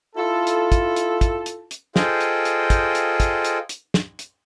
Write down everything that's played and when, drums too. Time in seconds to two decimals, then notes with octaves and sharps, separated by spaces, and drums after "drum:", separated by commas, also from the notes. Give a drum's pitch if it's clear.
0.16 E4 F4 A4
0.47 drum: hi-hat
0.72 drum: kick, hi-hat
0.96 drum: hi-hat
1.21 drum: kick, hi-hat
1.46 drum: hi-hat
1.71 drum: hi-hat
1.96 F4 G#4 A4 C5 D#5 G5, drum: snare
2.21 drum: hi-hat
2.45 drum: hi-hat
2.70 drum: kick, hi-hat
2.95 drum: hi-hat
3.20 drum: kick, hi-hat
3.45 drum: hi-hat
3.69 drum: hi-hat
3.94 drum: snare
4.19 drum: hi-hat